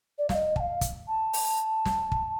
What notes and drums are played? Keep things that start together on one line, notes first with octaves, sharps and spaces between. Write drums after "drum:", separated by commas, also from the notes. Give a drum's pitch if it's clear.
D5
F5, drum: snare
D#5
A5, drum: kick
F5
drum: kick, hi-hat
A5
drum: open hi-hat
drum: snare
drum: kick